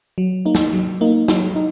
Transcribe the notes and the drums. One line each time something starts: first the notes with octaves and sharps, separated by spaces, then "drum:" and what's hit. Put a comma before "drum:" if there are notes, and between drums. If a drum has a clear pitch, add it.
F#3
A#3 D#4
drum: snare
F#3
A#3 D#4
F#3, drum: snare
D#4